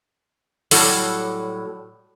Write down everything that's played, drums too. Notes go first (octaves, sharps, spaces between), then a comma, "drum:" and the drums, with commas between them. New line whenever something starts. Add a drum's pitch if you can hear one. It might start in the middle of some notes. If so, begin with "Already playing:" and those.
A2 F#3 G3 A4, drum: open hi-hat